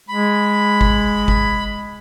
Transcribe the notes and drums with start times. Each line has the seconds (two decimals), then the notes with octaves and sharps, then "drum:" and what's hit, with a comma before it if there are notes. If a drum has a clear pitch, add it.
0.09 G#3 B5
0.81 drum: kick G1
1.28 drum: kick G1